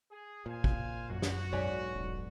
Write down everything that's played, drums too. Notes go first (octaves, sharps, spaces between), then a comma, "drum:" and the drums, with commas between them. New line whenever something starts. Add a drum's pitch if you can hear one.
G#4
A#2 C5 F5 G#5
drum: kick
F#2 F#4
drum: snare
B1 G#2 C#5 D5 G#5
D#1